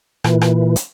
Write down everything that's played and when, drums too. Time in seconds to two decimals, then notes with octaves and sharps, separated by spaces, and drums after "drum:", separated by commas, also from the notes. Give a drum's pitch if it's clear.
0.24 A#2 E3, drum: rim click
0.41 drum: rim click
0.76 drum: hi-hat